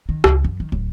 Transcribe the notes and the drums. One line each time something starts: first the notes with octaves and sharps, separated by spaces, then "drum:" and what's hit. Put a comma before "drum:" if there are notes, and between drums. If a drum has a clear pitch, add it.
D#3
C#2, drum: rim click
F#2
D#3
D1